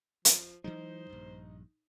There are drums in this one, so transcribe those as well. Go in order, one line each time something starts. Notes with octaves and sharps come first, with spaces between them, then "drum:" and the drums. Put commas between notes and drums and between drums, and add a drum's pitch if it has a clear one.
F3, drum: hi-hat
E3 F#3 G#3 D#4 C5
A#1 G2